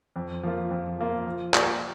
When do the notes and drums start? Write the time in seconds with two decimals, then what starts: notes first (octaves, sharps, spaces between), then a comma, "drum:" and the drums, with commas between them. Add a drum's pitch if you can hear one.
0.16 F2
0.43 F3 A#3 F4
0.71 F2
0.98 F3 A#3 F4
1.26 F3
1.54 A#3 G4 D5, drum: clap